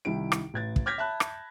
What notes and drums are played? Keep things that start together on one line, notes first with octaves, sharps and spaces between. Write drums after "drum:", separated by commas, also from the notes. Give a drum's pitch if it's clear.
C2 D#3 G3 E4 D7
drum: rim click
A1 G#6 A6
drum: kick
D6 F6 G6 G#6 A#6 B6
E5 A5 B5 F#6
drum: rim click